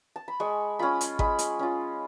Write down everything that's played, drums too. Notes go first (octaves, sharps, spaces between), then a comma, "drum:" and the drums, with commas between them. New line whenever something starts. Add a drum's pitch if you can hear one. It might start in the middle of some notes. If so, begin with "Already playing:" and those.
A5
B5
G#3 C#6
C#4 F4 B5
drum: hi-hat
G#3 B5, drum: kick G#1
drum: hi-hat
C#4 F4